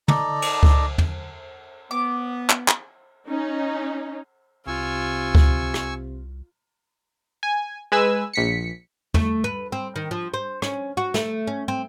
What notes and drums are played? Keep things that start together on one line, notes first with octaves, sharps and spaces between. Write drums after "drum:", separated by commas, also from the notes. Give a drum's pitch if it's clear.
D#4 A4 D5 A#5, drum: tom
drum: cymbal
drum: kick C#2
drum: tom
B3 D6
drum: clap
drum: clap
C#4 D#4
C2 C3 F4 G#5 C#6 E6
drum: kick C#2
drum: rim click
G#5
G#3 B4 G#5 E6
A#1 B6 C#7
A3, drum: tom
B4
C4
D#3
F3
C5
C#4, drum: rim click
F#4
A3, drum: snare
C#4
C4